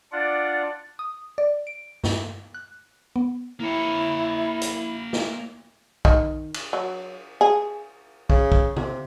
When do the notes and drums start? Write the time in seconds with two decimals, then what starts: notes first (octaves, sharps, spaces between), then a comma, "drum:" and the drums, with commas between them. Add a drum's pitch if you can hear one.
0.12 D4 F4 D5 F#5
0.99 D#6
1.38 D5
1.67 D7
2.04 G2, drum: snare
2.54 F#6
3.16 B3
3.60 A#3 E4 C#5
4.61 drum: hi-hat
5.13 drum: snare
6.05 D#3, drum: kick
6.54 drum: cymbal
6.73 F#3
7.41 G#4
8.30 C#3, drum: kick
8.52 drum: kick
8.76 C3, drum: tom C#3